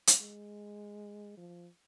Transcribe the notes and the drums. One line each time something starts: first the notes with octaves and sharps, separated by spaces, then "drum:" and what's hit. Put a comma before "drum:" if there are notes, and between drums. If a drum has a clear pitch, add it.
drum: hi-hat
G#3
F3